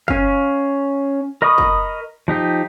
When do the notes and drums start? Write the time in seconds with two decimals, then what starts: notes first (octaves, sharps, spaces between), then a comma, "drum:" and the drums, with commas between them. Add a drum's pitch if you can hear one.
0.08 C#4 F5, drum: kick
1.42 A#4 D#5 B5 C#6 D#6
1.58 drum: kick
2.28 F3 D#4 G4